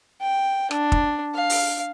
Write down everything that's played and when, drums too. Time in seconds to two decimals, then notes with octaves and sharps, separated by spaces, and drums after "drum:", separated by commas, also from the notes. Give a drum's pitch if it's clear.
0.21 G5
0.71 D4, drum: rim click
0.92 drum: kick
1.34 F5
1.50 drum: open hi-hat